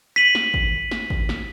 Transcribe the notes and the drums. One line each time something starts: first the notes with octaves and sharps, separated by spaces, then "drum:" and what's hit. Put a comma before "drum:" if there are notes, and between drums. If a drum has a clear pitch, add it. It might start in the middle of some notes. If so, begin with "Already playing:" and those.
B6 D#7 F#7
drum: snare
drum: kick G#1
drum: snare
drum: kick G#1
drum: snare